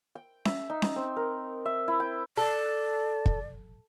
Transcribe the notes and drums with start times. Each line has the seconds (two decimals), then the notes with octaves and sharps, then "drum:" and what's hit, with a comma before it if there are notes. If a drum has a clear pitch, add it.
0.15 G5
0.45 E5, drum: snare C#4
0.70 D#4
0.82 drum: snare C#4
0.96 C4
1.16 A#4
1.65 E5
1.88 E4
2.00 G5
2.37 A4 D5
3.26 drum: kick